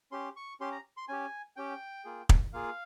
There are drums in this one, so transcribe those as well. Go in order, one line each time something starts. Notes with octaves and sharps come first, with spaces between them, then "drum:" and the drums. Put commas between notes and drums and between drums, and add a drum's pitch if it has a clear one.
C#4 G4 C6
C#6
C#4 G4 C6
A#5
C6
C#4 G4 G#5
C#4 G4 G5
A#3 F4 G#4
drum: kick
A#3 F4 G#4 F5